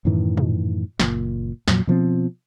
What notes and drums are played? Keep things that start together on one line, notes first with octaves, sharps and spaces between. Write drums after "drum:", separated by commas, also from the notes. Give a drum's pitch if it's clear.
F#2 A2 D#3 E3
drum: tom A#2
F#1 A#2, drum: snare
F2 A#2 F#3, drum: snare
B2 F3 B3 C4